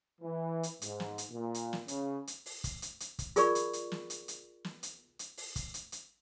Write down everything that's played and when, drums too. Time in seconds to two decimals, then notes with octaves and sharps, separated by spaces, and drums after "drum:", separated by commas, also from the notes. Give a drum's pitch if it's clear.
0.21 E3
0.63 drum: hi-hat
0.82 G#2, drum: hi-hat
1.00 drum: snare
1.18 drum: hi-hat
1.30 A#2
1.54 drum: hi-hat
1.73 drum: snare
1.88 C#3, drum: hi-hat
2.27 drum: hi-hat
2.46 drum: open hi-hat
2.64 drum: kick, hi-hat
2.82 drum: hi-hat
3.00 drum: hi-hat
3.19 drum: kick, hi-hat
3.36 F4 G#4 A#4 D5 B5 C#6, drum: hi-hat
3.55 drum: hi-hat
3.73 drum: hi-hat
3.92 drum: snare
4.10 drum: hi-hat
4.28 drum: hi-hat
4.64 drum: snare
4.83 drum: hi-hat
5.19 drum: hi-hat
5.37 drum: open hi-hat
5.56 drum: kick, hi-hat
5.74 drum: hi-hat
5.92 drum: hi-hat